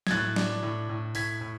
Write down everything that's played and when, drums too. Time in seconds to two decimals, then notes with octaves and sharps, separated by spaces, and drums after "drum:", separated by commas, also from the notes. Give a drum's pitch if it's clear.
0.07 G#6, drum: snare
0.11 A2 F#6 A6
0.36 D4, drum: snare
0.63 A2
0.89 A2
1.15 A2 G#6 B6, drum: open hi-hat
1.41 A2